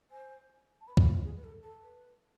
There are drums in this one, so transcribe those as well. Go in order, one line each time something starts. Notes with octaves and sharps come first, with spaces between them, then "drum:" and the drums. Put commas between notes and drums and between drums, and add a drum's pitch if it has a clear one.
C5 G#5
A5
B4 B5
A4, drum: kick
E4
F4
G#4
B4
A4
A4 A5
B4